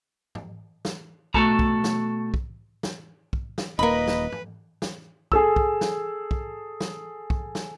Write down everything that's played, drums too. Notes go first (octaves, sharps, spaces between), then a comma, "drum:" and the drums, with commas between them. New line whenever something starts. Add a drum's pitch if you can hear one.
drum: tom
drum: snare
B2 A3 F#4 A4 A5 A#5, drum: kick
drum: kick
drum: snare
drum: kick
drum: snare
drum: kick
drum: snare
D#1 A#3 A#4 B4 D#5 B5
drum: snare
drum: tom
drum: snare
G#4 A4 E6, drum: kick
drum: kick
drum: snare
drum: kick
drum: snare
drum: kick
drum: snare